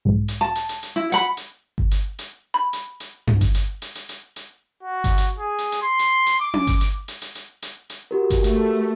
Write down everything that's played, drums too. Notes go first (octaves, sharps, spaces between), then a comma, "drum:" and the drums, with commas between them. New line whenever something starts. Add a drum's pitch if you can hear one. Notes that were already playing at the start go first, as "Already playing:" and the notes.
B1 G#2
drum: hi-hat
A5
drum: hi-hat
drum: hi-hat
drum: hi-hat
E4
F#5 B5, drum: hi-hat
drum: hi-hat
drum: kick G1
drum: hi-hat
drum: hi-hat
B5
drum: hi-hat
drum: hi-hat
drum: tom G2
drum: kick G1, hi-hat
drum: hi-hat
drum: hi-hat
drum: hi-hat
drum: hi-hat
drum: hi-hat
F#4
drum: kick G1, hi-hat
drum: hi-hat
G#4
drum: hi-hat
drum: hi-hat
C6
drum: hi-hat
drum: hi-hat
D6
drum: tom C#4
drum: kick G1, hi-hat
drum: hi-hat
drum: hi-hat
drum: hi-hat
drum: hi-hat
drum: hi-hat
drum: hi-hat
F#4 G4 A#4
drum: kick G1, hi-hat
A3, drum: hi-hat